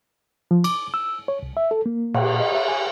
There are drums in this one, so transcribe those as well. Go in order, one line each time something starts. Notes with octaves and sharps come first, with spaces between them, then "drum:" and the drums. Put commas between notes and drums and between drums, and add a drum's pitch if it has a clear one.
F3
D6, drum: cymbal
E6
C#5
C2
E5
A4
A#3
A#2, drum: cymbal
D#5
E5
G#5